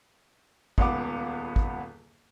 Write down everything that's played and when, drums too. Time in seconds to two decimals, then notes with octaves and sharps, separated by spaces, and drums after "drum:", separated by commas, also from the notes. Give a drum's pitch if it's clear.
0.78 D#1 C#2 B3 D6, drum: kick G#1
1.56 drum: kick G#1